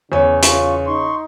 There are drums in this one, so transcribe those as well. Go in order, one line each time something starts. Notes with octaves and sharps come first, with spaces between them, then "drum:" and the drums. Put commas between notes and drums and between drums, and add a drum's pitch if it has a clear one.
E2 C#3 C#5
F4 C#6, drum: hi-hat
D#4 C6 C#6